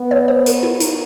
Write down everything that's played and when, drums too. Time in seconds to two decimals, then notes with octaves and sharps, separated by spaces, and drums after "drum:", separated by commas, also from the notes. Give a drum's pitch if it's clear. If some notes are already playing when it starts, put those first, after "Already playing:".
Already playing: B3
0.11 C#5
0.28 C5
0.46 A#4, drum: hi-hat
0.63 E4
0.80 D#4, drum: hi-hat